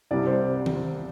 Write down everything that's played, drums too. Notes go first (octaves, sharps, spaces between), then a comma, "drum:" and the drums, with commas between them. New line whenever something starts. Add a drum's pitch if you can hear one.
C2 C3 G3 D5
C5
drum: tom D#3